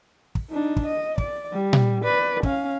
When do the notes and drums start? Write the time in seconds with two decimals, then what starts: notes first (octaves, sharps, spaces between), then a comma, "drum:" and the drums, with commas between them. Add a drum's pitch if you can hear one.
0.35 drum: kick
0.50 D4 D#4
0.76 drum: kick
0.86 D#5
1.18 D5, drum: kick
1.52 G3
1.73 drum: tom A#2
2.04 B4 D5
2.43 C#4 F5, drum: kick